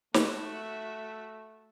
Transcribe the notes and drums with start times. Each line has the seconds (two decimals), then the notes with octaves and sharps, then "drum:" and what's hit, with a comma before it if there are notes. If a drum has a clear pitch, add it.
0.14 A3 F#4 E5, drum: snare